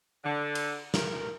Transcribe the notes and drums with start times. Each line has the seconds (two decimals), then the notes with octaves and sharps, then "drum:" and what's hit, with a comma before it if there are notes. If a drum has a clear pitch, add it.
0.24 D3
0.55 drum: cymbal
0.94 A#4, drum: snare